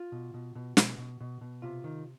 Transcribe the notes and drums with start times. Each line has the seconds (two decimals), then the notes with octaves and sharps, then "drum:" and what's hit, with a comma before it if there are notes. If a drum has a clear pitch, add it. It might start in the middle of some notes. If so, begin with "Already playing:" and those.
Already playing: F4
0.12 B2
0.34 B2
0.55 B2
0.77 B2, drum: snare
0.98 B2
1.20 B2
1.41 B2
1.62 C3 F4
1.84 D#3